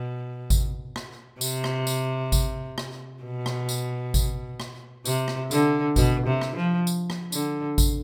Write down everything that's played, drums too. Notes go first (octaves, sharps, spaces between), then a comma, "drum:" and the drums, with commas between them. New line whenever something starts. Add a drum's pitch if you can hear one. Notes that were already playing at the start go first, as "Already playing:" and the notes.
Already playing: B2
drum: kick G#1, tambourine
drum: rim click
C3, drum: tambourine
drum: rim click
drum: tambourine
drum: kick G#1, tambourine
drum: rim click
B2
drum: rim click
drum: tambourine
drum: kick G#1, tambourine
drum: rim click
C3, drum: tambourine
drum: rim click
D3, drum: tambourine
B2, drum: kick G#1, tambourine
C3
drum: rim click
F3
drum: tambourine
drum: rim click
D3, drum: tambourine
drum: kick G#1, tambourine